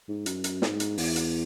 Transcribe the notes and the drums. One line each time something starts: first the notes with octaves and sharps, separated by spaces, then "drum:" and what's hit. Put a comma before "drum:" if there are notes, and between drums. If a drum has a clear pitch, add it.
G#2
F#2, drum: hi-hat
drum: hi-hat
G#2, drum: snare
drum: hi-hat
E2, drum: open hi-hat
drum: hi-hat